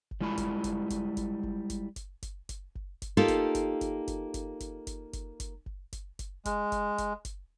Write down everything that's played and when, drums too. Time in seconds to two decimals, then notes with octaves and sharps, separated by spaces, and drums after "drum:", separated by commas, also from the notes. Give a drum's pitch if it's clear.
0.11 drum: kick F#1
0.21 G3 G#3 E4 F4 G#5 B5
0.37 drum: kick F#1, hi-hat
0.64 drum: kick F#1, hi-hat
0.90 drum: kick F#1, hi-hat
1.17 drum: kick F#1, hi-hat
1.43 drum: kick F#1
1.70 drum: kick F#1, hi-hat
1.96 drum: kick F#1, hi-hat
2.23 drum: kick F#1, hi-hat
2.49 drum: kick F#1, hi-hat
2.75 drum: kick F#1
3.02 drum: kick F#1, hi-hat
3.17 A#3 D#4 F4 G4 A4
3.28 drum: kick F#1, hi-hat
3.55 drum: kick F#1, hi-hat
3.81 drum: kick F#1, hi-hat
4.08 drum: kick F#1, hi-hat
4.34 drum: kick F#1, hi-hat
4.60 drum: kick F#1, hi-hat
4.87 drum: kick F#1, hi-hat
5.13 drum: kick F#1, hi-hat
5.40 drum: kick F#1, hi-hat
5.66 drum: kick F#1
5.93 drum: kick F#1, hi-hat
6.19 drum: kick F#1, hi-hat
6.45 G#3, drum: kick F#1, hi-hat
6.72 drum: kick F#1, hi-hat
6.98 drum: kick F#1, hi-hat
7.25 drum: kick F#1, hi-hat